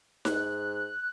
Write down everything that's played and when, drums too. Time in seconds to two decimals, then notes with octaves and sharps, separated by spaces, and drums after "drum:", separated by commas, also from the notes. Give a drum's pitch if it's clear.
0.25 G#2 F#6, drum: snare D#4